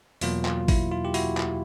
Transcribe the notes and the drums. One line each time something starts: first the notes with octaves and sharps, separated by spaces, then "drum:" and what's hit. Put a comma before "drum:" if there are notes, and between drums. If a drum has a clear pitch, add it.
E2 B2 F#3 A#3 F4, drum: open hi-hat
F4, drum: clap
E4, drum: kick, open hi-hat
F4
G4
E4 F#4, drum: open hi-hat
drum: clap